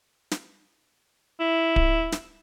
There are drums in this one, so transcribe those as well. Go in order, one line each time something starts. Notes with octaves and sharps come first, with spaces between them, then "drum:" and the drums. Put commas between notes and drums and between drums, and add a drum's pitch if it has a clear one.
drum: snare
E4
drum: kick D1
drum: snare